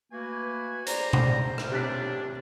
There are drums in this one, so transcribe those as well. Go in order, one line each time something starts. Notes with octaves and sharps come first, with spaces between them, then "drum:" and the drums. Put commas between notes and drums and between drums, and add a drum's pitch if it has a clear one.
A3 A#3 F#4 B4 G#5
C5 D5 A#5, drum: hi-hat
drum: tom B2
drum: rim click
C3 D4 C#5 F#6 B6